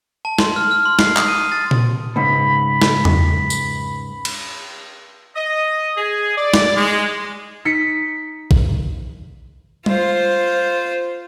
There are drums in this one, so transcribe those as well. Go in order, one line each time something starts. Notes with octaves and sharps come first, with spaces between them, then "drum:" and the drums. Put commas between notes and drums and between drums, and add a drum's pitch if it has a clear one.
A5
C6, drum: snare
F6
F6
C6
C7, drum: snare
D#6, drum: clap
D#7
A6
drum: tom A#2
C#2 G#2 B5
drum: snare
drum: tom E2
drum: tambourine
drum: cymbal
D#5
G#4
D5
drum: snare
G#3
D#4 B6 C#7
drum: kick
F4 C5, drum: tom G3